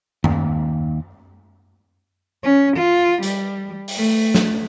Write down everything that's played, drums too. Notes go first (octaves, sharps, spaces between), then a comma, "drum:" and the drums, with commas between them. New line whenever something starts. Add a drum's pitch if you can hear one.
D#2, drum: tom F#2
C#4
F4
G3, drum: hi-hat
drum: open hi-hat
A3
drum: snare